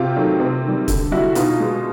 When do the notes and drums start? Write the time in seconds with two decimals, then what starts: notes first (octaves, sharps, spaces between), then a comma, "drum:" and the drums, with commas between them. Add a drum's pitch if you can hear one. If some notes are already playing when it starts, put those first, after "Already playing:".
Already playing: C3 F4 G4
0.16 D#3 F#3 A3
0.40 C3
0.64 D#3 G3
0.88 D3, drum: kick, hi-hat
1.12 G3 E4 F#4
1.35 B2 D#4 F4, drum: hi-hat
1.60 G#3